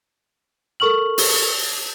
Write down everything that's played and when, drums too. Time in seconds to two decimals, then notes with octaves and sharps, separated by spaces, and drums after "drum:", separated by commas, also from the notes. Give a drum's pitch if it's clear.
0.80 A4 A#4 C#6 F6 F#7
1.18 drum: open hi-hat